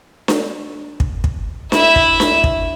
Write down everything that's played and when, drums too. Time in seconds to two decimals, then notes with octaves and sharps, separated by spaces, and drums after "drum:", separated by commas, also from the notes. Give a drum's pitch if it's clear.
0.28 drum: snare D4
1.00 drum: kick
1.24 drum: kick
1.72 E4 E5, drum: snare D4
1.96 drum: kick
2.20 drum: snare D4
2.44 drum: kick